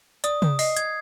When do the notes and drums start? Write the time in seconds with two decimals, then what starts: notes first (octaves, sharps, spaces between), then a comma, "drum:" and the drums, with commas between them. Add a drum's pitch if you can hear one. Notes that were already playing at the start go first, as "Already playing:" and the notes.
0.24 D5 D#6, drum: hi-hat
0.42 D#6, drum: tom
0.59 D#5 C7, drum: open hi-hat
0.77 G#6, drum: hi-hat